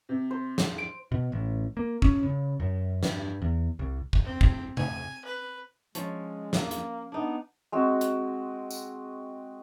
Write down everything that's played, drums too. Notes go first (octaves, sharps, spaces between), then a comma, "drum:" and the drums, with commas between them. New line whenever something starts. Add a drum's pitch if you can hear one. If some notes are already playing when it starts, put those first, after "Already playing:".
C3
C5
drum: snare
D7
B2
A1
A#3
C#4, drum: kick
C#3
F#2
G2, drum: snare
E2
C2
drum: kick
C4
drum: kick
G#5, drum: tom C3
B4
F3 G#3 C#4, drum: hi-hat
A#3, drum: snare
drum: hi-hat
B3 D4 D#4
G#3 C4 F#4
drum: hi-hat
drum: tambourine